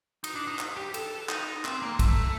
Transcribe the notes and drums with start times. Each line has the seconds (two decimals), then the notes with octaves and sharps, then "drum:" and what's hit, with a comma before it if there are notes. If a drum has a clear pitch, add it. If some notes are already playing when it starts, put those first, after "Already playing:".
0.24 D#4, drum: cymbal
0.36 D4
0.47 D#4
0.59 drum: clap
0.76 G4
0.94 A4, drum: cymbal
1.29 D#4, drum: clap
1.65 C4, drum: clap
1.82 A#3
1.99 A3, drum: kick, cymbal